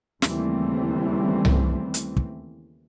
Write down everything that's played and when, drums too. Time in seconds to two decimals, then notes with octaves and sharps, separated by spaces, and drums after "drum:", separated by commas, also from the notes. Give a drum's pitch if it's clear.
0.22 D#2 C#3 E3 G3 A3 C4, drum: snare
1.45 drum: tom C2
1.94 drum: hi-hat
2.17 drum: kick